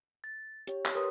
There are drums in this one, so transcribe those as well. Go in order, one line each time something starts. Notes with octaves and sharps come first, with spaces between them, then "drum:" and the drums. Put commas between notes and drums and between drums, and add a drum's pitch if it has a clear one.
A6
G4 C#5, drum: hi-hat
drum: clap
G4 A#4 B4 C#5 C6 D#6